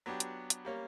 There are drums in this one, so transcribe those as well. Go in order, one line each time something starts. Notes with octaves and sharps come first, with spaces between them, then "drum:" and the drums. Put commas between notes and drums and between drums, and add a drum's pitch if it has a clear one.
F#3 B3 D4 G4
drum: hi-hat
drum: hi-hat
G3 A#3 C#4